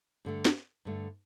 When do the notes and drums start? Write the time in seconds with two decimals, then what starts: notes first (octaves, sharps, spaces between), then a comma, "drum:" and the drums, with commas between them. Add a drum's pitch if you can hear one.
0.25 G2 D3 A3
0.45 drum: snare
0.85 G2 D3 A3